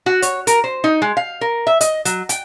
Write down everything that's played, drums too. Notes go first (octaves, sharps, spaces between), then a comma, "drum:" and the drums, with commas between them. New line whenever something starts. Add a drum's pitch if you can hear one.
F#4
C#5, drum: hi-hat
A#4, drum: hi-hat
C5
D#4
G#3
F5
A#4
E5
D#5, drum: hi-hat
F#3, drum: hi-hat
G5, drum: hi-hat